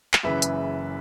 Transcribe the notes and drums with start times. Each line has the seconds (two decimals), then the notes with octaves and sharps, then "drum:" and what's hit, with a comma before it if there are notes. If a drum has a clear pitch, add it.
0.13 drum: clap
0.23 F#1 F#2 C#3 E3 B4 E5
0.42 drum: hi-hat